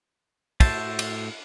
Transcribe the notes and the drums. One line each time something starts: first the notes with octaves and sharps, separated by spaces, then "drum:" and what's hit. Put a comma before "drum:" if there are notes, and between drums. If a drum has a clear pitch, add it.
A2 F#4 A4 C5 E5 A5, drum: kick, cymbal
drum: cymbal